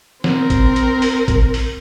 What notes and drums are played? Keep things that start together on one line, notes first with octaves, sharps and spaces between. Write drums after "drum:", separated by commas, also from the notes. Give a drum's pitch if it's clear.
C4 A#4, drum: snare
drum: kick, hi-hat
drum: hi-hat
drum: open hi-hat
drum: kick, hi-hat
drum: open hi-hat